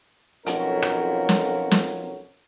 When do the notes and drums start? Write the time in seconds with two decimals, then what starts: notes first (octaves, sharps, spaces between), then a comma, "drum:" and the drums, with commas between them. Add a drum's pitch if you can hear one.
0.46 B1 F2 C#4 F4 F#4 A#4, drum: hi-hat
0.82 drum: rim click
1.29 drum: snare
1.71 drum: snare